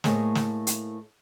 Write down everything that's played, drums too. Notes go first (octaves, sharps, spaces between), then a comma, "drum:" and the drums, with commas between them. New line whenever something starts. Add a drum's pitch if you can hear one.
A2 A3 A#3 G#4 C5 D#5, drum: snare
drum: snare
drum: hi-hat